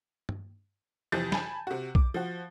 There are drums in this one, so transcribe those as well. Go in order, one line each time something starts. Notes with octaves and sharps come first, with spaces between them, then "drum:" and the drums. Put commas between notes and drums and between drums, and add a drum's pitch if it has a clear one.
drum: tom G2
F2 C3 E3 G6 A6
G#5 A5 B5, drum: snare
C3 F#4
D6, drum: kick B1
F3 F#4